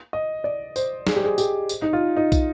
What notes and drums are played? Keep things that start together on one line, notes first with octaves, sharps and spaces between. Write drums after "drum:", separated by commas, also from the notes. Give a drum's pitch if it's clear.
D#5
D5
C5, drum: tambourine
G#4, drum: snare
G4
G#4
G4, drum: tambourine
drum: tambourine
D#4
F4
D#4
drum: kick, tambourine